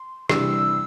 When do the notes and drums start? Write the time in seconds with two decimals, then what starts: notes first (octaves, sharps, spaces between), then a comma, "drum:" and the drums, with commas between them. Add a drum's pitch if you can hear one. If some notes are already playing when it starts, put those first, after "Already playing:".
Already playing: C6
0.29 C3 E3 G3 D4 G4 E6, drum: rim click